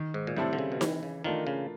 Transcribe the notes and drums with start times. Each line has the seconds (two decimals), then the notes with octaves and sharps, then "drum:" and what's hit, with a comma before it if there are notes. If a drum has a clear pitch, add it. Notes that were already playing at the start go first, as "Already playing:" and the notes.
Already playing: D#3
0.14 G#2
0.27 A#2
0.36 A2 G3 C4 E4 A4
0.53 D3
0.59 C#3
0.72 B2
0.81 C3 E3, drum: snare D#4
1.03 C#3
1.24 D#3 A3 D4 F4 A#4
1.47 C#3